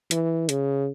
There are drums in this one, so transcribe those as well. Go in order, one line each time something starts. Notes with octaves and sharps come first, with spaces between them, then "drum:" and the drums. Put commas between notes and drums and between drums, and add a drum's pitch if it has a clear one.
E3, drum: hi-hat
C#3, drum: hi-hat